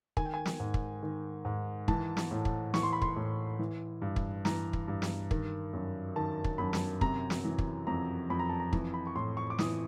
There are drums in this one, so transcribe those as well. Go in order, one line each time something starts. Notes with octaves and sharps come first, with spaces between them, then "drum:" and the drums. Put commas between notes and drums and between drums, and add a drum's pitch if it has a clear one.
D#3 G#5, drum: kick
G5
G#5
drum: snare
G#2
drum: kick
D#3
G#2
E3 A5, drum: kick
drum: snare
A2
drum: kick
E3 C#6, drum: snare
C6
B5
C6, drum: kick
A2
E3
G2
drum: kick
E3 A#5, drum: snare
drum: kick
G2
drum: snare
D#3, drum: kick
F#2
D#3 A5
drum: kick
F#2 B5
drum: snare
C3 A#5, drum: kick
drum: snare
E3
drum: kick
F2 A#5
F2 B5
A#5
A5
A#5
E3, drum: kick
B5
C#6
A2 C6
C#6
D6
E3 D#6, drum: snare